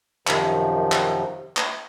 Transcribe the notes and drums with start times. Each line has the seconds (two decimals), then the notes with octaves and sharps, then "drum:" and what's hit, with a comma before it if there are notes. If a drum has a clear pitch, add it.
0.27 F#2 C3 D#3 F3, drum: clap
0.92 drum: clap
1.57 drum: clap